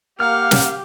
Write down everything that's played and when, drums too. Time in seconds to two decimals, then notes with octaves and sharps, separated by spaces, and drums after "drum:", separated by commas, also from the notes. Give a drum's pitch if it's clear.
0.20 A#3 G4 F5 F#5 F6
0.51 drum: snare